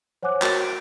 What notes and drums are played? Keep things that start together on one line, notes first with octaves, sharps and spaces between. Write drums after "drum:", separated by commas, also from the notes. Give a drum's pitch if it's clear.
C5 C#5 F#5 G#5 D6 F#6
F#4 A#4 C#5 A6, drum: clap
D7